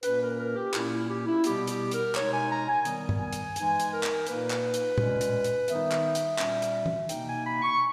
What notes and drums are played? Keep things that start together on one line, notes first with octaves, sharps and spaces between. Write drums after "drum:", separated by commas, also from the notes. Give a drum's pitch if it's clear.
A#2 A#3 C#4 B4, drum: hi-hat
A#4
A#4
G4
A#2 A#3 C#4 E4, drum: clap
E4
G4
E4
B2 G3 B3 G4, drum: hi-hat
G4, drum: hi-hat
A#4, drum: hi-hat
B2 G#3 D#4 C#5, drum: clap
G#5
A#5
G#5
D#3 G3 B3, drum: hi-hat
drum: tom G2
G#5
drum: hi-hat
E3 G#3 D#4 G#5, drum: hi-hat
drum: hi-hat
A#4
drum: clap
A#2 A#3 D#4 B4, drum: hi-hat
drum: clap
drum: hi-hat
A#2 G#3 C#4, drum: tom A2
drum: hi-hat
drum: hi-hat
D#3 G3 B3 D#4 E5, drum: hi-hat
drum: clap
drum: hi-hat
A#2 G3 C#4, drum: clap
drum: hi-hat
drum: tom
B2 A#3 D#4 G5, drum: hi-hat
G#5
B5
C#6